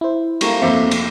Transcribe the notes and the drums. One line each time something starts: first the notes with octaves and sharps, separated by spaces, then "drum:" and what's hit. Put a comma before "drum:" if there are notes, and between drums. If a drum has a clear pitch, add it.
E4 C5
G3 A3 A#3 F5 A#5 C#6, drum: cymbal
F1 F3 A#3 C4 A4 E5 D6
drum: cymbal